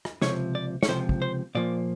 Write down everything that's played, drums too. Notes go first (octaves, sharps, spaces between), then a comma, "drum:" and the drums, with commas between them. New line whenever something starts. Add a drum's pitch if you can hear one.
drum: rim click
C#2 C3 F3 C#5, drum: snare
D5
C#5, drum: snare
C#2 C3 F3 C5
drum: kick
C5
A#2 F3 A#3 D5